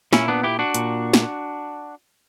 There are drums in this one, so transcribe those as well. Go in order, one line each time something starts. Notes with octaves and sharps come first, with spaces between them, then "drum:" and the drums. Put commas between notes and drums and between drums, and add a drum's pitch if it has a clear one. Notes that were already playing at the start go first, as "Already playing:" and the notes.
A#2 C#4 E4, drum: snare
B3 D4
E4 G4
D4 F#4
A#2, drum: hi-hat
drum: snare